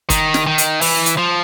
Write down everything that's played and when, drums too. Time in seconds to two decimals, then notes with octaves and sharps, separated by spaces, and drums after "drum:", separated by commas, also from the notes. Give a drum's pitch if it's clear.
0.10 D#3, drum: kick, hi-hat
0.34 drum: snare
0.47 D#3
0.58 drum: hi-hat
0.81 E3, drum: open hi-hat
1.06 drum: hi-hat
1.17 F3